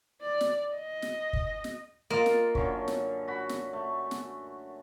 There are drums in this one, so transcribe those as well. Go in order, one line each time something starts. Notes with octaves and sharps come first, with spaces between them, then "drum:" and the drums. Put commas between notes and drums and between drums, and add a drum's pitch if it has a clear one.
D5
drum: snare
D#5
drum: snare
drum: kick
drum: snare
A#3 F4 D#5 C6
drum: snare
F#2 D3 C#4, drum: kick
drum: snare
F#4 B5
drum: snare
A3
drum: snare